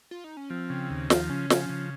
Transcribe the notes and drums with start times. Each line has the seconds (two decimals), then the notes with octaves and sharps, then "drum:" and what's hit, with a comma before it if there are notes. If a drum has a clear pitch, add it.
0.11 F4
0.24 D#4
0.37 C#4
0.50 F3 C4
0.70 C#3
0.90 D#2
1.10 F3, drum: snare
1.30 C#3 C#4
1.50 F3, drum: snare
1.70 C#3